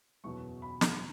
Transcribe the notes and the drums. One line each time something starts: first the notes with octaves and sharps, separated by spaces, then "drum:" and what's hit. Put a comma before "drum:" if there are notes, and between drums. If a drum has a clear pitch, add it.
F#1 E2 B2 F#3 C#6
B5
drum: snare